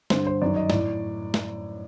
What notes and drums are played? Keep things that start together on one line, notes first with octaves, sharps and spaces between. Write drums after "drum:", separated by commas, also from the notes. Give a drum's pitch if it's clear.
G2 D3 C5, drum: snare
C5
F#2 D#3 D5
D#5
A2 D5, drum: snare
drum: snare